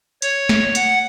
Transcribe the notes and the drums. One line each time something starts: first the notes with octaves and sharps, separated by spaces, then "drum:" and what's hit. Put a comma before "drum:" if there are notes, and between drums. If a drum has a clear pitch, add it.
C#5, drum: hi-hat
drum: snare
F#5, drum: hi-hat